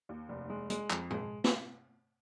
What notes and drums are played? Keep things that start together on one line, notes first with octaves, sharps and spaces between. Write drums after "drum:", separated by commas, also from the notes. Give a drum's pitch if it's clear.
D#2
F1
G#3
G#3, drum: hi-hat
F2, drum: clap
G#3, drum: tom A2
drum: snare